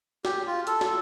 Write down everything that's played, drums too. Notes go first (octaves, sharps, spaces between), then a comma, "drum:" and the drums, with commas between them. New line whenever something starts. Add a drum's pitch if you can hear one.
G4, drum: snare
F4
A4, drum: hi-hat
drum: snare